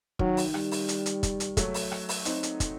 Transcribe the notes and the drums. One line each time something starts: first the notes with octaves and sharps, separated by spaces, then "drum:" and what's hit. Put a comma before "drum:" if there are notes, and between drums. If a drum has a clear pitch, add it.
D#3 F#3, drum: kick
drum: open hi-hat
G3, drum: rim click
drum: open hi-hat
drum: hi-hat
drum: hi-hat
drum: kick, hi-hat
drum: hi-hat
F#3 A3, drum: kick, hi-hat
drum: open hi-hat
drum: rim click
drum: open hi-hat
C4 D#4, drum: hi-hat
drum: hi-hat
drum: kick, hi-hat